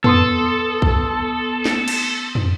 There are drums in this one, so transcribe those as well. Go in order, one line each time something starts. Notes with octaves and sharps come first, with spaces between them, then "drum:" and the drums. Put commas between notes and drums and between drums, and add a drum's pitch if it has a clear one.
B3 A4 C6 D#6, drum: tom
drum: kick B1
drum: snare
drum: cymbal
drum: tom